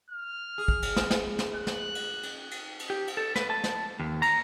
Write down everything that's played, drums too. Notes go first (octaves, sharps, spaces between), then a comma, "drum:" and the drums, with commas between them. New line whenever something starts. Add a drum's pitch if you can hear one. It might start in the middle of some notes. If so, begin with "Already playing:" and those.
F6
G#4
drum: kick
drum: cymbal
drum: snare
drum: snare
drum: snare
F#6
drum: snare
drum: cymbal
drum: cymbal
drum: cymbal
drum: cymbal
G4
drum: cymbal
A4
B4, drum: snare
A5
drum: snare
D#2
A#5, drum: cymbal